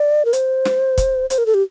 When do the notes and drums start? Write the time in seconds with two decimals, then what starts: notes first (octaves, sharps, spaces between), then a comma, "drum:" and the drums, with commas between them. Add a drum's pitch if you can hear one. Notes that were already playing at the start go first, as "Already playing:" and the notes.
Already playing: D5
0.25 A#4
0.33 C5, drum: hi-hat
0.65 drum: snare
0.98 drum: kick, hi-hat
1.30 C5, drum: hi-hat
1.38 A#4
1.46 A4
1.54 G4